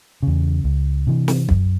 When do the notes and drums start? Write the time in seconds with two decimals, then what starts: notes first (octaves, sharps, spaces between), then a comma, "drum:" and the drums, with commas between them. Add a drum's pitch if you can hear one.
0.23 E2 C#3
0.64 C#2
1.07 C3 E3
1.28 drum: snare
1.49 F#2, drum: kick